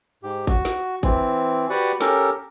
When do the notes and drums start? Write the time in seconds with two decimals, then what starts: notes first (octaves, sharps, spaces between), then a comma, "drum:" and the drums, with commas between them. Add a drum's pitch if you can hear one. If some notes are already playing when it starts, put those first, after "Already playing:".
0.23 G#2 G4
0.47 F#4, drum: kick G#1
0.65 drum: snare
1.03 E3 C4, drum: kick G#1
1.70 F#4 G4 B4 D5 F#5
2.01 C#4 G4 A4 A#4, drum: snare